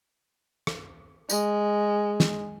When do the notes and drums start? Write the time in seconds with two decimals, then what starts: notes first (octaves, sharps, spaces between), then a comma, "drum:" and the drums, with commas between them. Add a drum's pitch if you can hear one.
0.67 drum: rim click
1.29 G#3, drum: tambourine
2.20 drum: snare